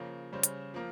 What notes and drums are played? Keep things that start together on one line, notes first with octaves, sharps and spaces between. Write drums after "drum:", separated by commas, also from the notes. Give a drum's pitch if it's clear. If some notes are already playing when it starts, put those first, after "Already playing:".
Already playing: C#3 F3 A#3 C#4
C#3 G3 C#4 C5
drum: hi-hat
F3 A#3